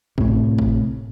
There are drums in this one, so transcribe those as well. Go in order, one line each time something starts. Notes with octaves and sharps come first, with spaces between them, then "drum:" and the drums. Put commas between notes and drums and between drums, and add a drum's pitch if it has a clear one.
A2 C3, drum: kick
drum: kick